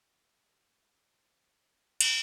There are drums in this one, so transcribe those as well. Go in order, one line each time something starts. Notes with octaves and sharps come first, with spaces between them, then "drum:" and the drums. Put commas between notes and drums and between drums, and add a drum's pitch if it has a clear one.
G4
C5
drum: cymbal